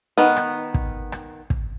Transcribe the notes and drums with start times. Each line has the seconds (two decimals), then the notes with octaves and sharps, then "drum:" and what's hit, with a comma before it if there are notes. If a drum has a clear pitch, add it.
0.18 D#3 B3
0.36 drum: rim click
0.74 drum: kick
1.12 drum: rim click
1.50 drum: kick